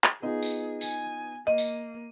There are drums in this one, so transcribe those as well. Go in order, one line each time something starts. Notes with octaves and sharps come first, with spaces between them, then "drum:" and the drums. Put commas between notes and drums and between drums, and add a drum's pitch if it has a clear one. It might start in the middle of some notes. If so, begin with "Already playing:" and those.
drum: clap
B3 D#4 F4 G#4
drum: tambourine
G#5, drum: tambourine
A#3 D#5 D#7
drum: tambourine